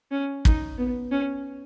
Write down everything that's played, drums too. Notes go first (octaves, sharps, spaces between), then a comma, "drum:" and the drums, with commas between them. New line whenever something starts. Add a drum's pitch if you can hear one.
C#4
D#4, drum: kick
B3
C#4